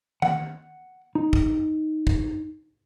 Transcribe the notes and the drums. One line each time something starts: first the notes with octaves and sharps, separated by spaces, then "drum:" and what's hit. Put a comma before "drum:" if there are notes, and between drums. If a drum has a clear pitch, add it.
F#5, drum: tom D#3
D#4
drum: kick
drum: kick